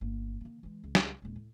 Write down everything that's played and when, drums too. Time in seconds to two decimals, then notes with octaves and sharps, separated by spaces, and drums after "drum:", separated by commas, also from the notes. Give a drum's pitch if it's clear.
0.01 G1 A#3
0.41 D#3 A#3
0.63 E3 G#3
0.84 C#2
0.95 drum: snare
1.22 D#1 G#3
1.36 A2